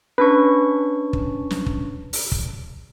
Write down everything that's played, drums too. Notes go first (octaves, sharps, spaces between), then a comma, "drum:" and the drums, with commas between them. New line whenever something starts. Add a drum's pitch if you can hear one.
C#4 D4 B4 C#6
drum: kick
drum: snare
drum: kick
drum: open hi-hat
drum: kick